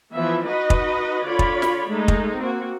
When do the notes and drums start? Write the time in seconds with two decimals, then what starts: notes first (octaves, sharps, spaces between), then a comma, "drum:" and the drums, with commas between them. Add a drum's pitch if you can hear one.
0.14 E3 F3 B3 E5
0.47 D#4 F#4 B4 D#5
0.70 drum: kick
1.27 D3 F4 C#5 D5 B5
1.39 drum: kick
1.62 drum: snare
1.90 G#3 A3 D#4
2.08 drum: kick
2.37 A#3 C4 F#4